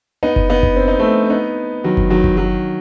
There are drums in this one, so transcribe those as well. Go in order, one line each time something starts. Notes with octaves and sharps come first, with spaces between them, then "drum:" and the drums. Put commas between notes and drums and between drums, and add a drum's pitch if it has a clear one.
B3 D#4
drum: kick F#1
B3 D#4
drum: kick F#1
C4
D#4
A3 C4
C4
B3 D#4
D#3 F#3
drum: kick F#1
D#3 F#3
drum: kick F#1
D#3 F#3